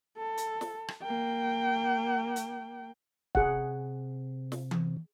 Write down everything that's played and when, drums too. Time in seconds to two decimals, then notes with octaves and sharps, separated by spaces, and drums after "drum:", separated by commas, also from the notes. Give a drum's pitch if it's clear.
0.17 A4
0.37 drum: hi-hat
0.61 drum: snare
0.88 drum: rim click
1.02 A#3 G5
2.36 drum: hi-hat
3.35 C3 G#4 F#5, drum: kick C#1
4.52 drum: snare
4.71 drum: tom E3